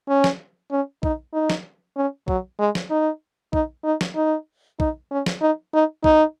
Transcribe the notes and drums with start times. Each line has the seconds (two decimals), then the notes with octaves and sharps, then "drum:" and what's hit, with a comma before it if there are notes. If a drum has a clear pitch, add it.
0.09 C#4
0.24 drum: snare
0.71 C#4
1.03 D#4, drum: kick
1.34 D#4
1.50 drum: snare
1.97 C#4
2.28 F#3, drum: kick
2.59 G#3
2.75 drum: snare
2.90 D#4
3.53 D#4, drum: kick
3.85 D#4
4.01 drum: snare
4.16 D#4
4.80 D#4, drum: kick
5.11 C#4
5.26 drum: snare
5.42 D#4
5.74 D#4
6.04 D#4, drum: kick